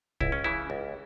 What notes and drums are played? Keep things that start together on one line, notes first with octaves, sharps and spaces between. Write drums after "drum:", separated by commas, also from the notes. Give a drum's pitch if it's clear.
C#2 E4, drum: kick
C#4
C#3 E3 E4
C#2